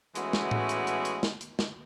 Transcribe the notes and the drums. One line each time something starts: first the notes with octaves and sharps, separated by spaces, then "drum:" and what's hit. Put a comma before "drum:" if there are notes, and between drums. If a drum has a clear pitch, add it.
E3 G#3 A3 B3 C#4 F#4, drum: hi-hat
drum: snare
drum: tom A2
drum: hi-hat
drum: hi-hat
drum: hi-hat
drum: snare
drum: hi-hat
drum: snare